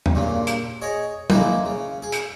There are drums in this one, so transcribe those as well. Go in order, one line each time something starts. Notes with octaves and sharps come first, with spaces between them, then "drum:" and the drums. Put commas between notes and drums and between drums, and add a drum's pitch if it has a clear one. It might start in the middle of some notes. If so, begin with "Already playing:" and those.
drum: tom
G2 A#2 C#3
drum: hi-hat
G#4 C#5 D#5
G#3 A#3 E4 G#4, drum: tom
C#3
G#4
drum: hi-hat